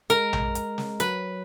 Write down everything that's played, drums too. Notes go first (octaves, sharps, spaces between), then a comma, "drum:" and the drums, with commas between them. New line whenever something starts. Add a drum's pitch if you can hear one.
G#3 A#4, drum: hi-hat
drum: tom A#1
drum: hi-hat
drum: snare
F#3 B4, drum: hi-hat